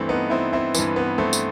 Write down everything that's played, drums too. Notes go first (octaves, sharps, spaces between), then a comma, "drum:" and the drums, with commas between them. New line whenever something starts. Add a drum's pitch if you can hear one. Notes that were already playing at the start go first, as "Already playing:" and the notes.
Already playing: G2 E3 A3 C4
B3 D#4
C4 E4
C4 E4
G2 E3, drum: tambourine
B3
A3 C4
drum: tambourine